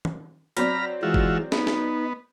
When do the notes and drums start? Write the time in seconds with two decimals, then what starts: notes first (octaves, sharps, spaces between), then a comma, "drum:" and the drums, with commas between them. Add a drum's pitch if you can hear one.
0.05 drum: tom
0.57 F#3 C4 D5 A#5 B5 F6, drum: hi-hat
1.03 E3 G#3 F4 F#4 E5
1.14 drum: kick F#1
1.52 B3 D#4, drum: snare
1.67 drum: snare